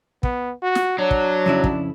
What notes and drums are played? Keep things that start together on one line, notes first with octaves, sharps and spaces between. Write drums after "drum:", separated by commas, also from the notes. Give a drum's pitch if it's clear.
B3, drum: kick
F#4
drum: snare
F#3 D4 C#5
drum: kick
F2 C#3 E4
drum: kick